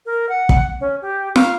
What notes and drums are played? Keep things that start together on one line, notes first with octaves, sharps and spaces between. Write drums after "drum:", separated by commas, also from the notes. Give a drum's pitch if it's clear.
A#4
F#5
drum: kick
C#4
G4
F5, drum: snare